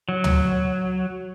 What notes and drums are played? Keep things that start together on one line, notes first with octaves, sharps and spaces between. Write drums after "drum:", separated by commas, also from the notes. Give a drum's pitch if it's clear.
F#3
drum: tom